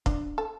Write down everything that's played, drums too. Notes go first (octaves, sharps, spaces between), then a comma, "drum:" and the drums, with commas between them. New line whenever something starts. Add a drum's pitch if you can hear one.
D4, drum: kick
A4